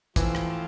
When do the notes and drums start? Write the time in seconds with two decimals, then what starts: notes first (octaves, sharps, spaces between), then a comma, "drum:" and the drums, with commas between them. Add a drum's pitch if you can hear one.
0.16 A2 E3 F3 C4 F4, drum: kick, hi-hat
0.35 drum: rim click